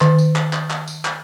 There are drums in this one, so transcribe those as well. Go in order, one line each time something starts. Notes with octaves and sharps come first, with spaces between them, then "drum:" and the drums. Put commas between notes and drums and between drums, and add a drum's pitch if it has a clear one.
D#3, drum: clap
drum: tambourine
drum: clap
drum: clap
drum: clap
drum: tambourine
drum: clap